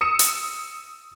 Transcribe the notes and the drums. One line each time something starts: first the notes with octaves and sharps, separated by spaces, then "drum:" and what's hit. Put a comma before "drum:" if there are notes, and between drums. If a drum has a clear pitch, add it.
D#6 E6 C#7 E7
drum: hi-hat